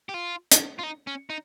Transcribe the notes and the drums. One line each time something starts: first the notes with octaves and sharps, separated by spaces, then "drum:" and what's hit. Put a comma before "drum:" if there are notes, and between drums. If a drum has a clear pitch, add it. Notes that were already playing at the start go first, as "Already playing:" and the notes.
G4
F4
drum: hi-hat
F4
D#4
C#4
D#4